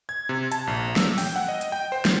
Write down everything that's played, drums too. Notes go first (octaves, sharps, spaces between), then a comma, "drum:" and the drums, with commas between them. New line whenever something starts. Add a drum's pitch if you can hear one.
G#6
C3
A5, drum: hi-hat
A#1
E6, drum: snare
G5, drum: open hi-hat
F#5
D#5
drum: hi-hat
G5
C5
drum: snare